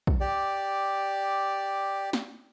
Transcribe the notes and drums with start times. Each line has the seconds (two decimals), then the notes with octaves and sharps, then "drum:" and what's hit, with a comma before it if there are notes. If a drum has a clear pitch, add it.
0.07 drum: kick
0.21 G4 D5
2.13 drum: snare